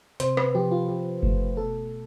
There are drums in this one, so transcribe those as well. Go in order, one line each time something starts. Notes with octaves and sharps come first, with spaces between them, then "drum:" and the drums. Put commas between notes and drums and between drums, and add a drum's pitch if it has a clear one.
C3 C5, drum: hi-hat
B4, drum: rim click
F3 G4
F4
C3 G4
A3, drum: kick F#1
B2 A4